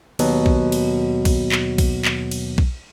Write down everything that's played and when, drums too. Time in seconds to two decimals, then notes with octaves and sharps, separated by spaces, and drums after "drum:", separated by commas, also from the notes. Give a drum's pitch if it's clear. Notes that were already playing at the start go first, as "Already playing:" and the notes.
0.19 D#2 B2 F#3, drum: cymbal
0.46 drum: kick B1
0.72 drum: cymbal
1.25 drum: kick B1, cymbal
1.52 drum: clap
1.78 drum: kick B1, cymbal
2.05 drum: clap
2.31 drum: cymbal
2.58 drum: kick B1